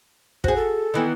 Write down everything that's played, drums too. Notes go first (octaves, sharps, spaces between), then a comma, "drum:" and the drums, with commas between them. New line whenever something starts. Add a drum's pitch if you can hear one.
F#4 G#4 C5, drum: kick
A4
D#3 E3 B3